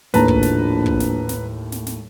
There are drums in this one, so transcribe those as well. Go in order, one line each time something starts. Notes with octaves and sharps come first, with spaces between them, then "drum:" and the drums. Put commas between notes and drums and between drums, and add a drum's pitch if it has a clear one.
A#1 D#2 A2 B4 A5 A#5, drum: snare
drum: kick
drum: snare
drum: kick
drum: snare
drum: snare
drum: snare
drum: snare